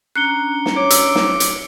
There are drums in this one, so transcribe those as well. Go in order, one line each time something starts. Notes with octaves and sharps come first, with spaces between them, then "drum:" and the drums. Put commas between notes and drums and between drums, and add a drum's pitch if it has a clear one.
C#4 D4 A#5 F#6 C7 C#7 G7
drum: snare
C#5 D6
E6, drum: hi-hat
drum: snare
drum: hi-hat